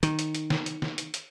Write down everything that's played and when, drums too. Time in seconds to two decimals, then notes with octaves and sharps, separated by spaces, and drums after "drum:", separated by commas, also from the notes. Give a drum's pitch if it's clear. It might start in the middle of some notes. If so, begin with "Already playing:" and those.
0.03 D#3, drum: hi-hat
0.19 drum: hi-hat
0.35 drum: hi-hat
0.50 drum: snare
0.66 drum: hi-hat
0.82 drum: snare
0.98 drum: hi-hat
1.14 drum: hi-hat